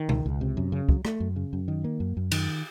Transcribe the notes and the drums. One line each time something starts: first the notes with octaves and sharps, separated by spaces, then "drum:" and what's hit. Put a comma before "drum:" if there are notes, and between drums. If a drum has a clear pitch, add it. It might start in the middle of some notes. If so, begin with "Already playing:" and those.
Already playing: D#3
C#2, drum: tom B2
C#2
C3
F#2
C#3
F#3, drum: kick
A3, drum: rim click
F#2
C#3
F#2
D#3
A#3
F#2
F#2
D#3, drum: cymbal